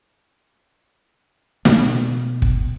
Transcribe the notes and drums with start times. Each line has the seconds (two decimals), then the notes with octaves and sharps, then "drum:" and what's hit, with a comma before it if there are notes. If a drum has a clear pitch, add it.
1.65 B2 B3, drum: snare
2.42 drum: kick